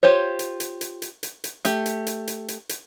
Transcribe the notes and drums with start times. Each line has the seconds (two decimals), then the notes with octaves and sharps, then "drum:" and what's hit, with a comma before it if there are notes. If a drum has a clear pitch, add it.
0.03 F4 G4 C5 C#5
0.39 drum: hi-hat
0.60 drum: hi-hat
0.81 drum: hi-hat
1.02 drum: hi-hat
1.23 drum: hi-hat
1.44 drum: hi-hat
1.65 A3 G4, drum: hi-hat
1.86 drum: hi-hat
2.07 drum: hi-hat
2.27 drum: hi-hat
2.48 drum: hi-hat
2.69 drum: hi-hat